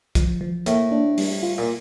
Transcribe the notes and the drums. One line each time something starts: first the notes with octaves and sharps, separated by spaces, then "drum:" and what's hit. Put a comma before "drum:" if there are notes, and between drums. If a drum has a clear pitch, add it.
F3, drum: kick, hi-hat
F3
A2 A#3, drum: hi-hat
D4
G3, drum: open hi-hat
F4
A#2